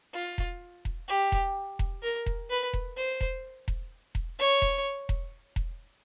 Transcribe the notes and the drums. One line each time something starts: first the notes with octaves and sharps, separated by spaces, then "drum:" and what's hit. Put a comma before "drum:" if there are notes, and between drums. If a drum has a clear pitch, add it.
F4
drum: kick E1
drum: kick E1
G4
drum: kick E1
drum: kick E1
A#4
drum: kick E1
B4
drum: kick E1
C5
drum: kick E1
drum: kick E1
drum: kick E1
C#5
drum: kick E1
drum: kick E1
drum: kick E1